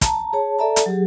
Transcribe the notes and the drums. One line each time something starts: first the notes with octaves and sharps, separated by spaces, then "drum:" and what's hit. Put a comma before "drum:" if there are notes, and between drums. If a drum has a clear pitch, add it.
A5 A#5, drum: kick, hi-hat
G#4 C#5 A5
A4 D5 E5 A5 A#5
drum: hi-hat
F#3 G4 G#4